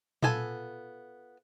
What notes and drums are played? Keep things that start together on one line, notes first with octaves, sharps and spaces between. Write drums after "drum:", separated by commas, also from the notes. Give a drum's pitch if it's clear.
B3 F4 A4 G#5, drum: tom A#2